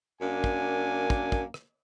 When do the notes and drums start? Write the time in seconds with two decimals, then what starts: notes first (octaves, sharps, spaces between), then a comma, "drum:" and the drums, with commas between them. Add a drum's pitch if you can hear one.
0.22 F#2 A#3 D4 G#5
0.44 drum: kick
1.10 drum: kick
1.32 drum: kick
1.54 drum: rim click